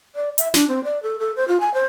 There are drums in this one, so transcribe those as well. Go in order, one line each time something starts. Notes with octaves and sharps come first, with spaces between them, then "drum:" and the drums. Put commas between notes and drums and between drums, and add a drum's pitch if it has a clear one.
D5
E5, drum: hi-hat
D4, drum: snare
C4
D5
A4
A4
C5
F4
G#5
C5